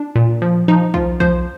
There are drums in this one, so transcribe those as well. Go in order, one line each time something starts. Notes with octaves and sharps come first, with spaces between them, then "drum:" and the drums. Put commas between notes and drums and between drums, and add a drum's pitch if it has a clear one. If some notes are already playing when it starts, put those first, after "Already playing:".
Already playing: D4
A#2
F3
F3 D#4
F3 F4, drum: kick B1
F3 C5, drum: kick B1